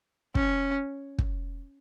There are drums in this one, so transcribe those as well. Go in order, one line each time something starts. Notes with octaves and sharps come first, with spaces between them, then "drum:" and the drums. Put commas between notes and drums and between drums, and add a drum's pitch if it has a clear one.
C#4, drum: kick
drum: kick